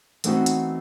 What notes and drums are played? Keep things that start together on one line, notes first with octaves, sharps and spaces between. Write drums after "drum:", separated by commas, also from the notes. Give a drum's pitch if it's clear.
E3 A3 B3 C4 D#4 F#4, drum: hi-hat
drum: hi-hat